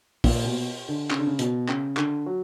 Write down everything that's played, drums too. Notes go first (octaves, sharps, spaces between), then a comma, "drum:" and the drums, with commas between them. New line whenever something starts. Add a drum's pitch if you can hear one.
A#2, drum: kick, open hi-hat
B2
D3
C#3, drum: clap
D3
C#3
B2, drum: hi-hat
C#3, drum: clap
D3, drum: clap
F#3